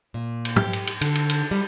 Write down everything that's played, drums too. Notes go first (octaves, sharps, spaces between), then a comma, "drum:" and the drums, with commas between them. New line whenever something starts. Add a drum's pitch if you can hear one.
A#2
drum: cymbal
G4, drum: tom
drum: cymbal
drum: cymbal
D3, drum: cymbal
drum: cymbal
drum: cymbal
G3